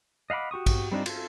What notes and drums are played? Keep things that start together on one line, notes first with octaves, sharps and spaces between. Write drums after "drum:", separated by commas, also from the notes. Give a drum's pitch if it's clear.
D#5 F5 F#5 B5 D6
F#4 G4 C#6 D#6
drum: kick, cymbal
G3 C4 D4 D#4 F4
F4 A4, drum: cymbal